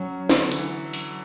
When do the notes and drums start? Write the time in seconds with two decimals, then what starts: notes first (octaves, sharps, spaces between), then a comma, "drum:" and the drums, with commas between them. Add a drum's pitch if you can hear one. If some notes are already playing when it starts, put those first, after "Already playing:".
Already playing: F#3 C#4
0.29 D3 F#3, drum: snare
0.40 D3
0.52 E3, drum: hi-hat
0.93 drum: open hi-hat